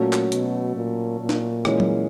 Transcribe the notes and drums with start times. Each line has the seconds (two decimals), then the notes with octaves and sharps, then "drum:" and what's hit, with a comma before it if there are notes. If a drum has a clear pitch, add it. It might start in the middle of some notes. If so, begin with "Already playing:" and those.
Already playing: A#2 F#3 A3 C#4
0.13 drum: clap
0.32 B2, drum: hi-hat
0.76 A#2
1.20 A#2
1.29 drum: snare D#4
1.65 E3 G#3 C#4, drum: rim click
1.80 drum: tom F#3